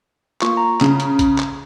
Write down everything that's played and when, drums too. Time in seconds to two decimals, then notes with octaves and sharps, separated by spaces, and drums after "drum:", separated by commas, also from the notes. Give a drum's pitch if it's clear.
0.42 A#3 F4 C#6, drum: clap
0.57 A#5
0.81 C#3, drum: clap
1.00 drum: hi-hat
1.19 drum: kick A1, hi-hat
1.39 drum: clap